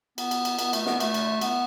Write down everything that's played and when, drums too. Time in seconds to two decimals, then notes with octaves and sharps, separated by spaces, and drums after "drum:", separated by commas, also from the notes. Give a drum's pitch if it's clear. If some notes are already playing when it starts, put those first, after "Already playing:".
0.18 B3, drum: cymbal
0.31 drum: cymbal
0.45 drum: cymbal
0.59 B3, drum: cymbal
0.73 A3, drum: cymbal
0.86 B3, drum: snare
1.00 A3, drum: cymbal
1.14 drum: cymbal
1.41 B3, drum: cymbal